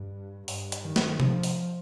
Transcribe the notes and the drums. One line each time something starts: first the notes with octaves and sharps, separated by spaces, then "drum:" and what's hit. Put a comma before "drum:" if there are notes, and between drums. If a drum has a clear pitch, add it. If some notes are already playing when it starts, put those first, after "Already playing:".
Already playing: G2
G2, drum: open hi-hat
drum: hi-hat
D#3
drum: snare
F3, drum: tom C3
drum: open hi-hat